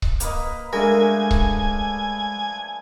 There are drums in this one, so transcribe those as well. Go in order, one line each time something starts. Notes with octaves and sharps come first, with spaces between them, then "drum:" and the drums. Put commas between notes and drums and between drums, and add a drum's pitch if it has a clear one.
drum: kick C#1
A#3 B4 D#5, drum: hi-hat
G#3 A3 D4 A#4 F5 G#5
drum: kick C#1